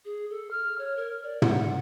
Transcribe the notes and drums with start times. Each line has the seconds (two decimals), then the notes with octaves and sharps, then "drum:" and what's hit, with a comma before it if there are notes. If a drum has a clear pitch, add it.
0.05 G#4
0.30 A4
0.51 F6
0.79 C#5
0.97 A#4
1.23 D5
1.42 F#5, drum: tom
1.56 F#5